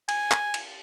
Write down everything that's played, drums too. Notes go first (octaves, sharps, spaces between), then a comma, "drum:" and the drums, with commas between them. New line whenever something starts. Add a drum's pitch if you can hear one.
G#5, drum: cymbal
drum: clap
drum: cymbal